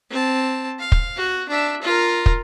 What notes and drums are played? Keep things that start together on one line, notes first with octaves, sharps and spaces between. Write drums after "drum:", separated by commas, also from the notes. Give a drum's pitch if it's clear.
C4 A5
F5
drum: kick
F#4
D4 E5
F4 A#4
drum: kick